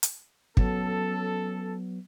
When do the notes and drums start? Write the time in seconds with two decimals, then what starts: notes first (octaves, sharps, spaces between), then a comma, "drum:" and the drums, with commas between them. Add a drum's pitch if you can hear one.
0.03 drum: hi-hat
0.57 F#3 B3 C#4 A4, drum: kick